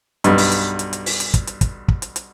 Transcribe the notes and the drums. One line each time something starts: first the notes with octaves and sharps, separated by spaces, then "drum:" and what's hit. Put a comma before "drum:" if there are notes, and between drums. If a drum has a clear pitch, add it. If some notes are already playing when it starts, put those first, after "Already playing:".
B1 G2, drum: hi-hat
drum: open hi-hat
drum: hi-hat
drum: hi-hat
drum: hi-hat
drum: open hi-hat
drum: hi-hat
drum: kick, hi-hat
drum: hi-hat
drum: kick, hi-hat
drum: kick
drum: hi-hat
drum: hi-hat